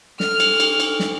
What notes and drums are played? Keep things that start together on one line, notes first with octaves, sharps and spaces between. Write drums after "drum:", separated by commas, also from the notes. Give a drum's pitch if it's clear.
A4 F6, drum: snare
drum: cymbal
drum: cymbal
drum: cymbal
drum: snare